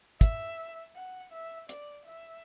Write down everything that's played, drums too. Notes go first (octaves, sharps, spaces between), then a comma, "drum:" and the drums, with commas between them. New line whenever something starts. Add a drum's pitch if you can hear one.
E5, drum: kick, hi-hat
F#5
E5
D5, drum: hi-hat
E5